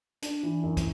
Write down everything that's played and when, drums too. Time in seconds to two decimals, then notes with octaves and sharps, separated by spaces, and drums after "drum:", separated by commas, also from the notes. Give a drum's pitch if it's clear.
0.22 D4, drum: hi-hat
0.43 E3
0.63 F#2
0.77 drum: kick, hi-hat